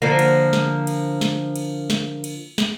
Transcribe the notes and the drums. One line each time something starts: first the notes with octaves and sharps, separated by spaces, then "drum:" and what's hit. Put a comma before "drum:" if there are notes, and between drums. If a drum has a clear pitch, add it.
D3 F3 A#3
drum: cymbal
drum: snare
drum: cymbal
drum: snare
drum: cymbal
drum: snare
drum: cymbal
drum: snare